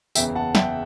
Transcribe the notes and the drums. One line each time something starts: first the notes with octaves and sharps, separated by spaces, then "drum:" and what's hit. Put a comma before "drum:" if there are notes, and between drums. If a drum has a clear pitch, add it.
F#1 E2 C#3 E5 G5, drum: tambourine
F#5 A5
E5 G5, drum: snare